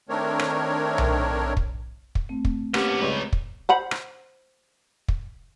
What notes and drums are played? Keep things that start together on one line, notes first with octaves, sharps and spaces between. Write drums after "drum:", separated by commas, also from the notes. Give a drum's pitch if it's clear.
D#3 A3 C4 D4 A#4 C#5
drum: rim click
drum: tom B1
drum: kick
drum: kick
A3 C4
drum: kick
A#3 B3 C#4 G4, drum: rim click
C#2 G3 B4 C#5
drum: kick
C5 F#5 B5
drum: rim click
drum: kick